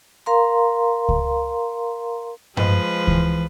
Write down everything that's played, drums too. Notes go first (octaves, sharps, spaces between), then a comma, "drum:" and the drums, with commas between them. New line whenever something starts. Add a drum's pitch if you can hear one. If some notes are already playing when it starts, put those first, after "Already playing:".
A#4 F5 A#5 C6
drum: kick C#2
F3 G#3 B4 D#5, drum: tom G2
E3, drum: kick C#2